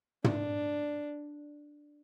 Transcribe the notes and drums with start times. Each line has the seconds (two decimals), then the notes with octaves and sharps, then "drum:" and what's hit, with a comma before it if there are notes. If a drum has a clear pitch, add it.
0.24 D4, drum: tom